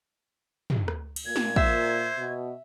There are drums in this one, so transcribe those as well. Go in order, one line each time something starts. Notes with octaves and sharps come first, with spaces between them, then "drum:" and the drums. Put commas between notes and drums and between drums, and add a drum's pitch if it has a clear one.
drum: tom
drum: rim click
drum: cymbal
A#2 G#6
drum: snare
C5 E5, drum: kick
B2